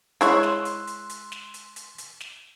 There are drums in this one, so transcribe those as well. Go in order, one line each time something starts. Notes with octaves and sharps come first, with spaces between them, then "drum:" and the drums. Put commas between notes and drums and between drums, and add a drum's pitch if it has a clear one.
G#3 E4 C#5 C6 E6 F#6, drum: hi-hat
drum: snare
drum: hi-hat
drum: hi-hat
drum: hi-hat
drum: snare
drum: hi-hat
drum: hi-hat
drum: hi-hat
drum: snare